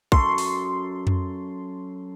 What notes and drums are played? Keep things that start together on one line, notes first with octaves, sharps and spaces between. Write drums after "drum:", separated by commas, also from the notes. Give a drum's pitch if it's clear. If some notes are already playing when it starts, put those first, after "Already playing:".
F#2 A4 C6 C#6, drum: kick
drum: open hi-hat
drum: tom F2